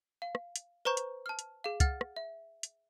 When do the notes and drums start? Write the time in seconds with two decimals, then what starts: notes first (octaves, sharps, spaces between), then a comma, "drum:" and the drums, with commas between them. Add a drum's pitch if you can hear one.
0.22 F5
0.35 drum: rim click
0.56 drum: hi-hat
0.85 B4 C5 A#5 C#6 G6
0.97 drum: hi-hat
1.26 A5 F6
1.39 drum: hi-hat
1.64 G#4 F5
1.80 F#5 F6 A6, drum: kick, hi-hat
2.01 drum: rim click
2.16 E5
2.63 drum: hi-hat